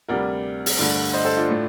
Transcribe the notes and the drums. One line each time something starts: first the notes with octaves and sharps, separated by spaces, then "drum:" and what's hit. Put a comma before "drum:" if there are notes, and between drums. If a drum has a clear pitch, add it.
D2 C3 G3 A#4 D5
drum: open hi-hat
G2 D3 A3
C5 D#5
A4 C5
D4 F4
A2 A3